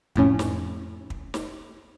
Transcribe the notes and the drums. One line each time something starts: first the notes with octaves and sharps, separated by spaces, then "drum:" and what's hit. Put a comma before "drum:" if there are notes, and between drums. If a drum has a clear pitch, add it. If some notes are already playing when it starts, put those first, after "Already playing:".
F2 A2 C#4, drum: kick
drum: snare
drum: kick
drum: snare